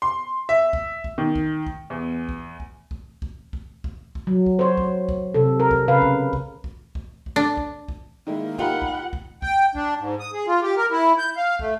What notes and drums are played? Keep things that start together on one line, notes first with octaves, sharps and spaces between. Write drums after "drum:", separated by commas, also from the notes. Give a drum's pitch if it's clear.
C6
E5
drum: kick
drum: kick
D#3
drum: kick
drum: kick
E2
drum: kick
drum: kick
drum: kick
drum: kick
drum: kick
drum: kick
drum: kick
F#3
drum: kick
C5 C#5
drum: kick
drum: kick
C3 A4
A#4
drum: kick
C#3 B4 F5
drum: kick
drum: kick
drum: kick
drum: kick
drum: kick
D4
drum: kick
drum: kick
D#3 G#3 A#3 E4
D#4 F4 G4 A#4 F#5 B5
drum: kick
drum: kick
G5, drum: kick
D4, drum: kick
G#2
D#6
G#4
F4
G4
A#4
E4
G6
F5
A3, drum: kick